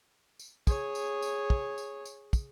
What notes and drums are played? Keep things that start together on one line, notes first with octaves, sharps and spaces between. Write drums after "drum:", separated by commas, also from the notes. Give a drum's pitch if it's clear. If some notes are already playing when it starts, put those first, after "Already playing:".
drum: tambourine
G#4 C#5, drum: kick, tambourine
drum: tambourine
drum: tambourine
drum: kick
drum: tambourine
drum: tambourine
drum: kick, tambourine